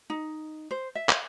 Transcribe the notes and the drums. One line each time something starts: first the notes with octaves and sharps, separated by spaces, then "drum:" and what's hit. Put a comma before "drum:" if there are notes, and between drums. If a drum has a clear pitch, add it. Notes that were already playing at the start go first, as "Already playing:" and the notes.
D#4
C5
E5
drum: clap